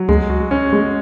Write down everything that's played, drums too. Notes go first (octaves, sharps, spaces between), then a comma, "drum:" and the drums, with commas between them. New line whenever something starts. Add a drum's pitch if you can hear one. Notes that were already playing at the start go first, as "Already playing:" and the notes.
Already playing: F#3
G#3, drum: tom C#2
F#4
C#4
G#3